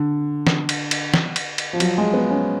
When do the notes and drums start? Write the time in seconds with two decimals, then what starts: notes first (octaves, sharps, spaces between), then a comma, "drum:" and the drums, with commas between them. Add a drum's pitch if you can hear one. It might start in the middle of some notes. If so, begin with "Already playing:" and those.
Already playing: D3
0.47 drum: snare
0.69 drum: cymbal
0.91 drum: cymbal
1.14 drum: snare
1.36 drum: cymbal
1.58 drum: cymbal
1.73 F3
1.80 F#3, drum: cymbal
1.98 G#3
2.14 B3
2.30 C#4